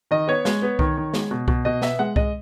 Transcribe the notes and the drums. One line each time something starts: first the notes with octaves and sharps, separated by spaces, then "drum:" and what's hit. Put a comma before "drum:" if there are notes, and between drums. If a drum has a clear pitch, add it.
D#3 D#5
B3 C#5
G#3, drum: snare
B3
D#3, drum: kick C2
D#3
G#3, drum: snare
B2
B2, drum: kick C2
B2 D#5
B3 E5, drum: snare
G#3 F#5
G#3 D#5, drum: kick C2